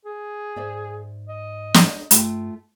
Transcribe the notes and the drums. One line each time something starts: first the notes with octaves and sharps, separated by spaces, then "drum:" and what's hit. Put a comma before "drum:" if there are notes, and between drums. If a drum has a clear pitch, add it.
G#4
G#2 C5 D5 E5
D#5
drum: snare
G2 A3 F4 G5, drum: hi-hat